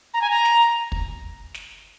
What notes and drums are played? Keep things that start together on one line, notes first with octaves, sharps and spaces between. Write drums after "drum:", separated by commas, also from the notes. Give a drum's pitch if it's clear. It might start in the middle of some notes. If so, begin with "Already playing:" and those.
A#5
G#5
A#5
drum: snare
drum: kick
drum: snare